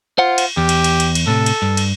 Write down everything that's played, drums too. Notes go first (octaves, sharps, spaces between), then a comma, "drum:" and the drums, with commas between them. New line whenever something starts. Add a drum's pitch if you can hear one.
F4 C5 F#5
drum: cymbal
E2 G4
drum: cymbal
drum: cymbal
drum: cymbal
drum: cymbal
A2 C3 A4
drum: cymbal
G2
drum: cymbal